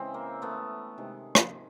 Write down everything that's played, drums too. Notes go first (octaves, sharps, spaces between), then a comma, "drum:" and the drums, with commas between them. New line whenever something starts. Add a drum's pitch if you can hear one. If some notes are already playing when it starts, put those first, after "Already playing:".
Already playing: C#3 E3 G#3 C4
A#3
A3 B3
C3 D#3 G#3
drum: rim click